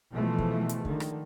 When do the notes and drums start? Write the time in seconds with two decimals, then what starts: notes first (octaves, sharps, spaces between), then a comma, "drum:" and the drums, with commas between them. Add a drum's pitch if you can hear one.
0.14 B2 E3 F3 G#3 A3
0.38 drum: kick
0.69 drum: hi-hat
0.85 D3 D#3, drum: kick
1.00 drum: rim click